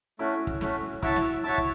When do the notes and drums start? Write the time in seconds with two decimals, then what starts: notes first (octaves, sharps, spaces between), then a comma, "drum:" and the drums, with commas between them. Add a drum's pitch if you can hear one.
0.19 A3 C#4 E4 F#4
0.47 drum: kick
0.61 A3 C#4 F#4, drum: snare
1.02 E4 F#4 C#5 E5 A5, drum: kick
1.16 drum: snare
1.44 E4 F#4 C#5 E5 A5
1.58 drum: kick